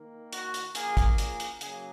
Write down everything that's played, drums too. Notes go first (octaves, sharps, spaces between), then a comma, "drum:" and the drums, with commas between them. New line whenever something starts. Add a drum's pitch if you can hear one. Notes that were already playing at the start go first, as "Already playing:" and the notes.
Already playing: D#3 A#3
F#4, drum: hi-hat
drum: hi-hat
C#3 F3 A#3 G#4, drum: hi-hat
drum: kick, hi-hat
G#4, drum: hi-hat
drum: hi-hat
C#3 F#3 A#3 G#4, drum: hi-hat